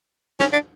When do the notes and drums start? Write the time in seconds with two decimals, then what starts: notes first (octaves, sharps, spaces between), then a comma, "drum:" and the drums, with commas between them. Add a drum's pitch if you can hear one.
0.40 C#4, drum: snare
0.53 D4